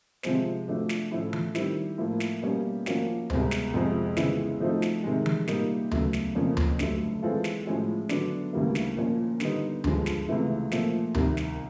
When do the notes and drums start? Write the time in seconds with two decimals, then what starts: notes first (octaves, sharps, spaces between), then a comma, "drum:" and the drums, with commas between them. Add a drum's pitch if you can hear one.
0.23 C3 F3 G#3 C4, drum: snare
0.68 F3 A3 D4 F#4
0.89 drum: snare
1.11 A2 F3 A3 C#4
1.33 drum: tom E3
1.55 D#3 G3 C4 E4, drum: snare
1.98 A2 F3 A#3
2.20 drum: snare
2.42 B2 G3 A#3 C#4
2.86 F3 A#3 C#4 F#4, drum: snare
3.30 C2 B2 G#3 C4, drum: tom D2
3.51 drum: snare
3.74 F2 C3 F3 G#3 C4
4.17 C#3 E3 G#3 B3 E4, drum: snare
4.60 F3 A3 C4 D#4 F#4
4.82 drum: snare
5.03 C3 D#3 G#3
5.26 drum: tom E3
5.48 A#2 G3 A#3 D#4, drum: snare
5.91 E2 C#3 F#3 A3, drum: tom D2
6.13 drum: snare
6.35 F2 C#3 F3 A#3 C#4
6.57 drum: tom D2
6.79 G2 D3 F#3 A3, drum: snare
7.22 E3 G#3 C4 F4 A4
7.44 drum: snare
7.65 A2 F3 G#3 C#4 F#4
8.09 D3 F#3 B3 D4 F#4, drum: snare
8.53 D2 C#3 E3 G3 A#3
8.75 drum: snare
8.96 A#2 F3 A#3 C#4
9.40 D3 G3 B3 D#4, drum: snare
9.84 G2 D3 F3 G#3, drum: tom D2
10.06 drum: snare
10.28 C#2 C3 E3 A3
10.71 A#2 F3 A3, drum: snare
11.15 C2 C3 D#3, drum: tom D2
11.37 drum: snare